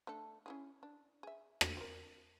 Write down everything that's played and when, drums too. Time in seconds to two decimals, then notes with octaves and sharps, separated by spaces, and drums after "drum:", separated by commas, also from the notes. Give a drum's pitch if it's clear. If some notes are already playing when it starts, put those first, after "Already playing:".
0.07 A3 D4 A4
0.46 C#4 E4 G#4
0.83 D4
1.23 G#4 E5
1.61 drum: rim click
1.77 C4 A#4